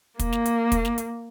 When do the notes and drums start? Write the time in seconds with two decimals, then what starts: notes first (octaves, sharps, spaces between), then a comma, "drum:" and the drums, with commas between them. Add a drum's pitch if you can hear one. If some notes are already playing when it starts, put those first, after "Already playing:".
0.19 A#3, drum: kick, hi-hat
0.33 drum: snare
0.46 drum: hi-hat
0.72 drum: kick, hi-hat
0.85 drum: snare
0.98 drum: hi-hat